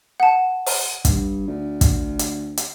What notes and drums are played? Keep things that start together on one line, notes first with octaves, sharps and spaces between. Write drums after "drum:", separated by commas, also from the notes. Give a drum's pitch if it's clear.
F#5 A5
drum: open hi-hat
G2, drum: kick, hi-hat
D2
drum: kick, hi-hat
drum: hi-hat
drum: hi-hat